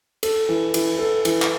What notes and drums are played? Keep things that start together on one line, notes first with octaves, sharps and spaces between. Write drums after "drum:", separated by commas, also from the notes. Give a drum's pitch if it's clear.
A4, drum: cymbal
E3
E3, drum: cymbal
A4
E3, drum: cymbal
drum: clap